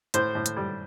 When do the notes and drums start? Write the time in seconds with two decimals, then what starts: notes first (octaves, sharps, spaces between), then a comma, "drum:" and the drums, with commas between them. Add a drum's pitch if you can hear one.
0.14 A2 C5, drum: hi-hat
0.35 A2
0.46 drum: hi-hat
0.57 G3